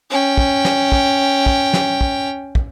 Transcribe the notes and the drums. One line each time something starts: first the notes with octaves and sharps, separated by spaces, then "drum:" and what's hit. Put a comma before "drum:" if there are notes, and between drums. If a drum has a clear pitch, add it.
C#4 G5
drum: kick
drum: snare
drum: kick
drum: kick
drum: snare
drum: kick
drum: kick